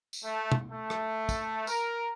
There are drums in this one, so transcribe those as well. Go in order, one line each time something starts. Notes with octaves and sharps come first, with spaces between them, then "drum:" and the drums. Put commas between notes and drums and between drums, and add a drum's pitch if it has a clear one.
drum: tambourine
A3
drum: tom
A3
drum: rim click
drum: kick, tambourine
A#4, drum: tambourine